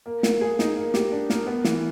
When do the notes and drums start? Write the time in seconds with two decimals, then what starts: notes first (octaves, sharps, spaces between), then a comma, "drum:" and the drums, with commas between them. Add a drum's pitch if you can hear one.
0.06 A#3
0.23 A#3, drum: snare
0.41 G#4
0.59 D#4, drum: snare
0.77 A#3
0.94 G4, drum: snare
1.12 D4
1.30 A#4, drum: snare
1.47 B3
1.64 E3, drum: snare